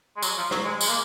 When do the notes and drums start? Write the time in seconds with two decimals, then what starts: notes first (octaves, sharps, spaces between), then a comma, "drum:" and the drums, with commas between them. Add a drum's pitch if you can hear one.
0.17 G#3
0.22 F#3, drum: tambourine
0.37 F3
0.51 F#3, drum: rim click
0.64 G#3
0.81 G#3, drum: tambourine
0.88 A#3